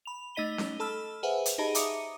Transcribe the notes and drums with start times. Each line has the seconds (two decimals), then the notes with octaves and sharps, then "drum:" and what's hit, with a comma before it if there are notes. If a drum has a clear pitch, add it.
0.06 B5 F7
0.35 A3 D#4 D#5 B6 D#7 G7
0.58 drum: snare C#4
0.80 A4 A5 B5 E6 F6
1.23 G#4 B4 C5 E5 F#5 G#5
1.46 drum: hi-hat
1.58 D#4 G4 G#4 D#5 A5 B5
1.75 E5 A#5 D6 D#6 C#7 D#7, drum: hi-hat